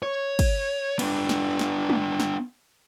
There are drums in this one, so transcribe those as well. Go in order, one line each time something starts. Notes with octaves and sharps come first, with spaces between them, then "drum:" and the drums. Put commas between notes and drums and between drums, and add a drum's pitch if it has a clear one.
C#5
drum: kick, cymbal
B3 D4, drum: cymbal
drum: snare
drum: snare
drum: tom G#3
drum: snare